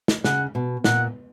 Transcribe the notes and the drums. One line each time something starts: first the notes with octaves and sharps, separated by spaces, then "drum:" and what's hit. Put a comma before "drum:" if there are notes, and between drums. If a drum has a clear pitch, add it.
drum: snare
C#3 F#5, drum: snare
B2
A#2 F#5, drum: snare